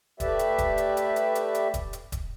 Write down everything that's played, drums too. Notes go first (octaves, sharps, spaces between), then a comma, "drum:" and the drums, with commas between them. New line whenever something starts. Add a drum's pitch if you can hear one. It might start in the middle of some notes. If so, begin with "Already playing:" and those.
A3 G4 B4 D5 E5, drum: kick D#1, hi-hat
drum: hi-hat
drum: kick D#1, hi-hat
drum: hi-hat
drum: hi-hat
drum: hi-hat
drum: hi-hat
drum: hi-hat
drum: kick D#1, hi-hat
drum: hi-hat
drum: kick D#1, hi-hat